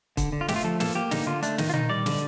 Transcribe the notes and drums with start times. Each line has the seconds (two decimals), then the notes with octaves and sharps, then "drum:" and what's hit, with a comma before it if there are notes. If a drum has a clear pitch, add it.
0.17 D3, drum: kick, hi-hat
0.32 D3
0.41 F4
0.48 A3 G4, drum: snare
0.56 F4
0.64 F3 A4
0.80 A#3 A4, drum: snare
0.95 A#3 G4
1.11 D3 D#4, drum: snare
1.27 D3 F4
1.43 A3 D4, drum: hi-hat
1.58 D#3 D#4, drum: snare
1.69 F4
1.74 D#3 D#4, drum: tom
1.90 G3 D5
2.06 D3, drum: snare